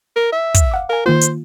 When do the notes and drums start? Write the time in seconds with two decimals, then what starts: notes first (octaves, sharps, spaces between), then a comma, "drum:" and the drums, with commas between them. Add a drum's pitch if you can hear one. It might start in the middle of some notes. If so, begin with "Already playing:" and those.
0.16 A#4
0.32 E5
0.54 drum: kick, hi-hat
0.71 F5 F#5 D6
0.89 A#4 F5 G#5
1.06 D#3 A#3 F4 C5
1.21 drum: hi-hat